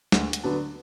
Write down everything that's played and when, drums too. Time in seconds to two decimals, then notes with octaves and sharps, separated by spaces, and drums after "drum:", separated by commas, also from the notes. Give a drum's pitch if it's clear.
0.12 D2, drum: snare
0.33 drum: hi-hat
0.43 D3 F#3 B3 D4